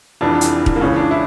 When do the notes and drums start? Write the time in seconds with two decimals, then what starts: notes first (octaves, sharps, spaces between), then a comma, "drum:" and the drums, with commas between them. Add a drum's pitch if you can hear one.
0.21 F1 F2 E3 D4
0.41 drum: hi-hat
0.66 drum: kick
0.75 A#3
0.81 C#2 C#3 E3 C#4
0.96 D4
1.11 E4